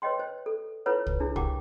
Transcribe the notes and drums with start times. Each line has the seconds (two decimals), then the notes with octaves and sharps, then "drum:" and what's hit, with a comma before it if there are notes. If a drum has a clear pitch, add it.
0.02 B4 C#5 D#5 G5 C6
0.19 C5
0.46 A4
0.86 E4 F4 A4 B4 C#5 F#5
1.07 drum: kick C2
1.20 D4 E4 G#4
1.36 E4 G4 A#4 F#5 G5 D6, drum: kick C2